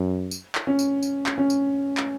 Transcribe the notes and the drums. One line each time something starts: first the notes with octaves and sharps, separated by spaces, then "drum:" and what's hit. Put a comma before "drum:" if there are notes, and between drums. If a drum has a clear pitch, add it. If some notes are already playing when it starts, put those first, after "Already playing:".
Already playing: F#2
drum: tambourine
drum: clap
C#4
drum: tambourine
drum: tambourine
drum: clap
C#4
drum: tambourine
drum: clap